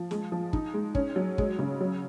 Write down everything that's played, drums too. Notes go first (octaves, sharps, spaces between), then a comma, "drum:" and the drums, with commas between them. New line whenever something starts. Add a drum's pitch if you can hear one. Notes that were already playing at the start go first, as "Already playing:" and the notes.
Already playing: F3
G#3, drum: snare
F3
D#4, drum: kick
G#3
C#4, drum: kick
F#3
G#3, drum: kick
C#3
F#3